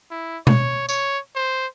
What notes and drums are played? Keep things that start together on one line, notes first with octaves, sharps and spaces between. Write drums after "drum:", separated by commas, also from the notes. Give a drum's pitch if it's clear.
E4
C#5, drum: tom B2
C#5, drum: tambourine
C5